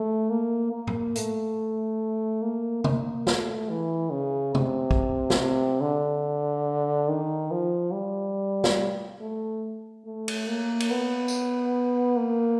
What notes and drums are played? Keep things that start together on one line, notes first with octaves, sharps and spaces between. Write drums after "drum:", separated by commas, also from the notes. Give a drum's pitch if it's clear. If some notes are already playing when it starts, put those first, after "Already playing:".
Already playing: A3
A#3
A#3
drum: tom A2
A3, drum: hi-hat
A#3
A#3, drum: tom
A3, drum: snare
E3
C#3
C3, drum: tom
drum: kick
drum: snare
C3
D3
D#3
F3
G3
drum: snare
A3
A3
drum: cymbal
A#3
drum: cymbal
B3
drum: tambourine
A#3